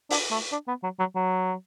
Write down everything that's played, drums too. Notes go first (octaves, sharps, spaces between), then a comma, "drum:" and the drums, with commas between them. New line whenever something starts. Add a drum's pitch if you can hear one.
D4, drum: open hi-hat
A3
D4
B3
F#3
F#3
F#3